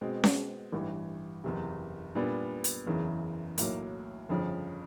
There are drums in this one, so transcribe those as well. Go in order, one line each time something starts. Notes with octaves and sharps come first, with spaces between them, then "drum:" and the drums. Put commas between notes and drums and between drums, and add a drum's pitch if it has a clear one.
B2 G#3 C4
drum: snare C#4
A1 G2 E3
F#1 E2 C3
A#2 G3 B3 D4
drum: hi-hat
F#1 E2 C#3 E3
B1 A2 F#3 A#3, drum: hi-hat
G1 F2 C#3 F3